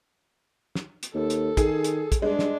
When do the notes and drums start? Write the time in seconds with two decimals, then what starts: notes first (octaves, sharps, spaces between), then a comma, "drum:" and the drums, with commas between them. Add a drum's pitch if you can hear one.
0.75 drum: snare
1.03 drum: hi-hat
1.14 D#2 A4
1.30 drum: hi-hat
1.57 D#3 G#4, drum: kick, hi-hat
1.84 drum: hi-hat
2.12 drum: kick, hi-hat
2.22 G2 G#3 D4
2.39 drum: snare